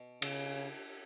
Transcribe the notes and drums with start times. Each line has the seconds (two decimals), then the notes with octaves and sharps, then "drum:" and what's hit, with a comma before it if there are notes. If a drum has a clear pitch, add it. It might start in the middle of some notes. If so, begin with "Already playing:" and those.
Already playing: B2
0.22 C#3, drum: cymbal